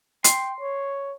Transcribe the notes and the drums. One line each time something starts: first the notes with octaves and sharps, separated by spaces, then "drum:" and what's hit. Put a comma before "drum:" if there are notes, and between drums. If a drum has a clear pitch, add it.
G5 C6, drum: hi-hat
C#5